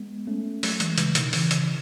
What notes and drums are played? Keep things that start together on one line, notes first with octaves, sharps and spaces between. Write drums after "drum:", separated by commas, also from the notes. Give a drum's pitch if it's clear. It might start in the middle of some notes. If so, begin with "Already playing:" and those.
Already playing: G#3 B3
A3 C#4
F#3 A3, drum: open hi-hat
A3
E3 G#3, drum: hi-hat
C#3 E3, drum: hi-hat
B2 D#3, drum: hi-hat
C#3 E3, drum: open hi-hat
drum: hi-hat